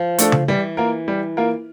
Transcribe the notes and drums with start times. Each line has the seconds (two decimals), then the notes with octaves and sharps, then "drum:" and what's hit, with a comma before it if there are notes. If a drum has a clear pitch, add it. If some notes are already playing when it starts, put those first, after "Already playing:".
Already playing: F3
0.18 A3 D4 A4, drum: hi-hat
0.32 drum: tom C#3
0.48 E3 G3
0.77 A#3 F4 A#4
1.08 G3
1.37 A#3 F4 A#4